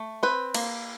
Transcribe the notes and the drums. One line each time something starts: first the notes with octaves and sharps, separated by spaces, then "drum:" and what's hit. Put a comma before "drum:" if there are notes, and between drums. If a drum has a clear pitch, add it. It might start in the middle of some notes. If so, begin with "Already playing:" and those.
Already playing: A3
C4 B4
A#3, drum: cymbal